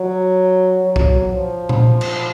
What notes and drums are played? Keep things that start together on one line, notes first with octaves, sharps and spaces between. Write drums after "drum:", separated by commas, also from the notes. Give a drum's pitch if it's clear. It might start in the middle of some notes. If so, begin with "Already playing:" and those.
Already playing: F#3
F#3
drum: kick
F3
drum: tom A#2
drum: cymbal